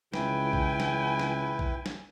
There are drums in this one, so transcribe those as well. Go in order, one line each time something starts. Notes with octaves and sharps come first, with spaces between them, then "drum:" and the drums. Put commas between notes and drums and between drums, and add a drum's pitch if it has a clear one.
C#2 E4 B4 G5 G#5, drum: snare
drum: kick
drum: snare
drum: snare
drum: kick
drum: snare